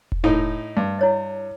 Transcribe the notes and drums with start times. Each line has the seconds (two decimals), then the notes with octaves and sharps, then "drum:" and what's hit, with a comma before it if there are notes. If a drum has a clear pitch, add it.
0.12 drum: kick E1
0.24 A2 D#4
0.77 G2
0.99 E4 C#5 D#5